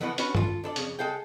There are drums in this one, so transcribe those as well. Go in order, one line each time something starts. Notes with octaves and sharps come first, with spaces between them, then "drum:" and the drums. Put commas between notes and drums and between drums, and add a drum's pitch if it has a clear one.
E2 E3 A3 B3 F#5
C#4 D4 F#4 B4, drum: hi-hat
F4 A4, drum: tom
D4 A4 D5
F2 C#3, drum: hi-hat
G#3 A4 F5 G5